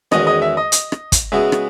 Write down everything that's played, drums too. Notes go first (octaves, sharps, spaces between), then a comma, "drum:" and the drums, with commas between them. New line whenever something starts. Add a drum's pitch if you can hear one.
E2 D#3 G#3 C#4 F#4 D#5, drum: rim click
D#5
E5
D#5
drum: hi-hat
drum: rim click
drum: kick, hi-hat
C#3 G#3 B3 F#4 E5
drum: rim click